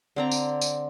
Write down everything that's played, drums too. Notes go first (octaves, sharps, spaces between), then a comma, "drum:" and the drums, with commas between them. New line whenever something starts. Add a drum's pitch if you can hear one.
D3 C4 A#5
drum: tambourine
drum: tambourine